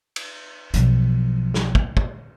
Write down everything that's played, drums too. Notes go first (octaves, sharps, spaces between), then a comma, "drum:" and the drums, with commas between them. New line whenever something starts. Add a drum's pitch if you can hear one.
drum: cymbal
B1 F3, drum: hi-hat
drum: snare
drum: kick
drum: kick